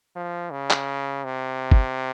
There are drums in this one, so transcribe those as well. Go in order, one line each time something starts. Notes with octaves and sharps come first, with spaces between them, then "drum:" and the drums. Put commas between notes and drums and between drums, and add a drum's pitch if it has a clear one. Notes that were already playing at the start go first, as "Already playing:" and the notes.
F3
C#3
drum: clap
C3
drum: kick